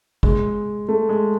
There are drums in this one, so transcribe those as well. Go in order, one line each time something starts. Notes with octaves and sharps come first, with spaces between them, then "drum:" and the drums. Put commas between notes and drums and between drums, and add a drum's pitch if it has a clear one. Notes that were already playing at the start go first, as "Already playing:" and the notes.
G#3, drum: kick
A3
G#3